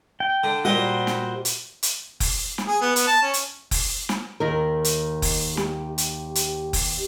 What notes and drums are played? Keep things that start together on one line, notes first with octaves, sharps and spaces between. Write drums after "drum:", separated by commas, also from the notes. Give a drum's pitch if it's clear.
G5
D3
A#2 G3 F#4 G4 C5 D#5
drum: snare
drum: hi-hat
drum: hi-hat
drum: kick F1, open hi-hat
drum: snare
G#4
B3
B3, drum: hi-hat
A5
C#4
drum: hi-hat
drum: kick F1, open hi-hat
drum: snare
D#2 D#3 A#4
drum: hi-hat
drum: kick F1, open hi-hat
G4, drum: snare
drum: hi-hat
drum: hi-hat
drum: kick F1, open hi-hat